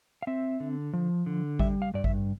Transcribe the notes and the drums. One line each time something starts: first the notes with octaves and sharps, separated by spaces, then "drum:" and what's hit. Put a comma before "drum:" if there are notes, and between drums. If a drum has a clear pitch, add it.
F5
C4 E5
D3
F3
D3
G3 E5, drum: kick G#1
F5
G2 D5
E5, drum: kick G#1